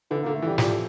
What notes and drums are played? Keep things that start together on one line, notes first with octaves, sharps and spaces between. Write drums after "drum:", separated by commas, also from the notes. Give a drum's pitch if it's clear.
D3 E3
A#3
D3
A3
E3 G3
F3 G3, drum: snare